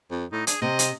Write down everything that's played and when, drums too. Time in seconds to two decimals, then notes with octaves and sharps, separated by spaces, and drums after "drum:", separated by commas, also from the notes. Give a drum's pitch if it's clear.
0.11 F2
0.32 A2 D#4
0.47 D4 G#4, drum: hi-hat
0.62 C3 C4 D#5
0.79 drum: hi-hat